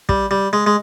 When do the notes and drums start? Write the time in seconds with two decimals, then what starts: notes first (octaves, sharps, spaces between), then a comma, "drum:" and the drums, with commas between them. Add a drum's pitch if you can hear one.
0.09 G3, drum: kick
0.31 G3
0.53 G#3
0.66 G#3